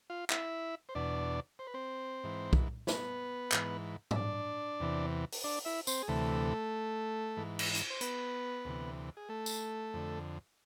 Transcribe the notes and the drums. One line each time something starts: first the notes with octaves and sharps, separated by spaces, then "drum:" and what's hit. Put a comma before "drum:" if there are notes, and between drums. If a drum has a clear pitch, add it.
F4 F5
E4 E5, drum: clap
C5
E2 B2 D4 D5
C5
B4
C4 C5
G#2 E3
drum: kick B1
B3 B4, drum: snare
G#2 E3, drum: clap
E5, drum: tom G#2
D4 D5
E2 C3 E3
drum: open hi-hat
D4 D5
E4 E5
C4 C5, drum: tambourine
G#4
D2 C3 E3 A3 A4
G#2 E3
drum: cymbal
drum: hi-hat
C5
B3 B4, drum: hi-hat
D2 C3 E3
G#4
A3 A4
drum: tambourine
F2 D3